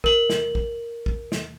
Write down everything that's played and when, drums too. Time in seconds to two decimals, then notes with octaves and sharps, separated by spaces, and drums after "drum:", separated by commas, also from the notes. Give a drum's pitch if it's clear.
0.04 A#4 F#7, drum: kick
0.30 drum: snare
0.55 drum: kick
1.06 drum: kick
1.32 drum: snare